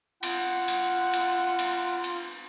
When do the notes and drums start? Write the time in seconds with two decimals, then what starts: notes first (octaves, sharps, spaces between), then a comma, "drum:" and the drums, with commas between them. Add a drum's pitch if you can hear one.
0.23 F4 F#5, drum: cymbal
0.68 drum: cymbal
1.13 drum: cymbal
1.59 drum: cymbal
2.04 drum: cymbal